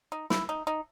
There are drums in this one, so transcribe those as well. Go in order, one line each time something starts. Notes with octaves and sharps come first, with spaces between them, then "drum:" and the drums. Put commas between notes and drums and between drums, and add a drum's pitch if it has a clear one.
D#4
E4, drum: snare
D#4
D#4